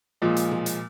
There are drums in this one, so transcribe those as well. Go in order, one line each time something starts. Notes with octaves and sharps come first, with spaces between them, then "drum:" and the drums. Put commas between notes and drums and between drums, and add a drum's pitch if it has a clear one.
A#2 F3 G#3
drum: hi-hat
drum: tom B2
drum: hi-hat